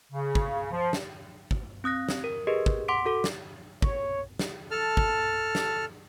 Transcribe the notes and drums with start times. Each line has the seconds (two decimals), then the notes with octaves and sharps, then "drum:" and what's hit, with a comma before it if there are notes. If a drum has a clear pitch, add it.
0.12 C#3
0.35 drum: kick
0.72 F3
0.93 drum: snare
1.51 drum: kick
1.84 C4 D#6 F#6 A#6
2.09 drum: snare
2.24 A#4
2.47 G4 G#4 A#4 B4 D#5
2.66 drum: kick
2.88 F#5 C6 D6 B6 D7
3.05 F#4 A4 D6
3.24 drum: snare
3.82 C#5, drum: kick
4.39 drum: snare
4.71 A4 A5 F6
4.97 drum: kick
5.55 drum: snare